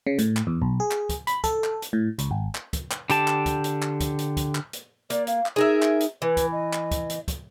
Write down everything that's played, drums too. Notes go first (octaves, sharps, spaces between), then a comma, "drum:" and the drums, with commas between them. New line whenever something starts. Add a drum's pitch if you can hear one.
C#3
A2, drum: hi-hat
drum: clap
E2
B1
G#4
drum: clap
drum: kick, hi-hat
B5, drum: hi-hat
A4, drum: kick, hi-hat
drum: clap
drum: hi-hat
A2
C#2, drum: hi-hat
G#1
drum: clap
drum: kick, hi-hat
drum: clap
D3 G4 A5, drum: hi-hat
drum: clap
drum: kick, hi-hat
drum: hi-hat
drum: clap
drum: kick, hi-hat
drum: hi-hat
drum: kick, hi-hat
drum: clap
drum: hi-hat
A#3 D5, drum: hi-hat
F5, drum: hi-hat
drum: clap
D#4 G#4 A#4 E5
drum: clap
drum: hi-hat
E3 B4
drum: kick, hi-hat
D#5
drum: clap
drum: kick, hi-hat
drum: hi-hat
drum: kick, hi-hat